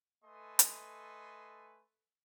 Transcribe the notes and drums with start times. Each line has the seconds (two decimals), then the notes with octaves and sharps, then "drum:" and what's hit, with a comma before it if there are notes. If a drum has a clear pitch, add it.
0.25 A3 A4 B4 D#5 G#5 C6
0.59 drum: hi-hat